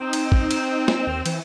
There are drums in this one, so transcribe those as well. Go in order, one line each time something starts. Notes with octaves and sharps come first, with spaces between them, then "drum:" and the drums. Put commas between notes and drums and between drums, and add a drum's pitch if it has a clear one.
C4 D#4
drum: cymbal
drum: kick
drum: cymbal
drum: snare
D#2
E3, drum: cymbal